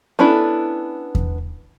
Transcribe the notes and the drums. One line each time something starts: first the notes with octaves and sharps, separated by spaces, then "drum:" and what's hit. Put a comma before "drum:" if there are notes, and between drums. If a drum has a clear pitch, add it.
B3 C#4 D4 E4 A4
drum: kick E2